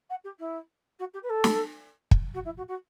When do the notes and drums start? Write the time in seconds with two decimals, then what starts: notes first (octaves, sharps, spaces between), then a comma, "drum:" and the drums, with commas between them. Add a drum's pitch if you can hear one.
0.09 F#5
0.24 G4
0.39 E4
0.99 F#4
1.13 G4
1.23 B4
1.29 A4
1.44 drum: snare
2.11 drum: kick
2.34 F#4
2.44 E4
2.57 F#4
2.68 F#4